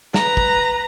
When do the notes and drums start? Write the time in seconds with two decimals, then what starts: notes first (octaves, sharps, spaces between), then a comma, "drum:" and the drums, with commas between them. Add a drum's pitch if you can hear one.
0.14 B4 A#5, drum: snare
0.37 drum: kick